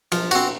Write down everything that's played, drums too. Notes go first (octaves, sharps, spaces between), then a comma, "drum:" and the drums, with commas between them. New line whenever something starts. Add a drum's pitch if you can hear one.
F3, drum: cymbal
C4 F#4, drum: cymbal